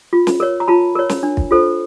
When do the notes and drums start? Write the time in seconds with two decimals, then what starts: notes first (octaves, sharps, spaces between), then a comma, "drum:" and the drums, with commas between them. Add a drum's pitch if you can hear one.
0.13 F4
0.27 drum: snare
0.40 A#4 C#5
0.60 A#5
0.68 F4 A5 B5
0.95 A#4 C#5
1.09 drum: snare
1.23 D4
1.37 drum: kick
1.51 F4 A4 C5